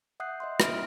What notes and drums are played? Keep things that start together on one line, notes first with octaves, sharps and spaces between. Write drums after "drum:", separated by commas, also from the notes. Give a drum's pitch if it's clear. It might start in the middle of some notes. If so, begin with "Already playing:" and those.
E5 F#5 D#6 F#6 G6 C7
D#5 E5 C6
A#3 C#4 E5 F6 D7, drum: rim click